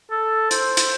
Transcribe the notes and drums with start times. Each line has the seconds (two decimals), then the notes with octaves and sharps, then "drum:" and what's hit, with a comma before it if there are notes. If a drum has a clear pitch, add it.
0.11 A4
0.51 C5, drum: hi-hat
0.77 drum: hi-hat